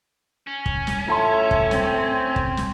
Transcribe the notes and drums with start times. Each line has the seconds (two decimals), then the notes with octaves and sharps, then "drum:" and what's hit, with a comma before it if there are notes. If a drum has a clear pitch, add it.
0.47 C#4
0.66 drum: kick
0.87 drum: snare
1.08 A2 F4 E5 A5 C6
1.51 drum: kick
1.71 C4, drum: snare
2.36 drum: kick
2.57 drum: snare